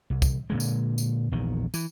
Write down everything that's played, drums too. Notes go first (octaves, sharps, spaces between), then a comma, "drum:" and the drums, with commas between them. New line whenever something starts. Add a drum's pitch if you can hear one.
C2
drum: kick C2, tambourine
A#2 D3 G#3
drum: tambourine
drum: tambourine
A#1 E2 D#3
E3, drum: tambourine